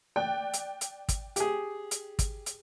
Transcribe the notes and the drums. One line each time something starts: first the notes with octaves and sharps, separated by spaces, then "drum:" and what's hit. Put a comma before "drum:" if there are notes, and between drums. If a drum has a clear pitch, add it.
D5 G5 F#6
drum: hi-hat
drum: hi-hat
drum: kick, hi-hat
G4 G#4, drum: hi-hat
drum: hi-hat
drum: kick, hi-hat
drum: hi-hat